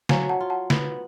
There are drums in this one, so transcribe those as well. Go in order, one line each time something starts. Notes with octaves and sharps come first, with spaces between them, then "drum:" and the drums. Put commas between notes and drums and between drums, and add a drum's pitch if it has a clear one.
F#3 F5 G#5, drum: snare
F#5 A5
F4
F#5 A5
B3, drum: snare